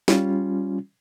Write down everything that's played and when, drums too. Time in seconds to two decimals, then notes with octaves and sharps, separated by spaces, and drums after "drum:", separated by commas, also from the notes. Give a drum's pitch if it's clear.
0.08 G3 C#4 F4, drum: snare